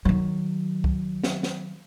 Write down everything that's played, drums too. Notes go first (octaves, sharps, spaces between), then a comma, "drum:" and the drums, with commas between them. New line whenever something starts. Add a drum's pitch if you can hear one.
D#3 F#3
drum: kick
drum: snare
drum: snare